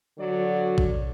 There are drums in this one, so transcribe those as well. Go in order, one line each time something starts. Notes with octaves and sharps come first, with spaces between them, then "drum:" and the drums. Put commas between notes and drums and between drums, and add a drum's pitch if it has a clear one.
D3 F#3 F#4 D5
drum: kick G#1